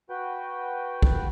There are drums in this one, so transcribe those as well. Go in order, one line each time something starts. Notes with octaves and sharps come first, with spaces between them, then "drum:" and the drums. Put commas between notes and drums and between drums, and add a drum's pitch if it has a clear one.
F#4 B4 G5
drum: kick